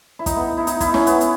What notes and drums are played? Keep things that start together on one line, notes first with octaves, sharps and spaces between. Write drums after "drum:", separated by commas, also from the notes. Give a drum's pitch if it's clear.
E4
D#4, drum: kick, hi-hat
B3
E4
D#4, drum: hi-hat
E4, drum: kick, hi-hat
C#4, drum: snare
B3, drum: hi-hat
drum: hi-hat